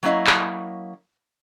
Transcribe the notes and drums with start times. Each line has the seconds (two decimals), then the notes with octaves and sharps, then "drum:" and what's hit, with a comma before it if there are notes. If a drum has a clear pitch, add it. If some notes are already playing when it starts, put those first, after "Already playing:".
0.03 F#3 A#3 C#4 E4 D#5 F5
0.27 drum: clap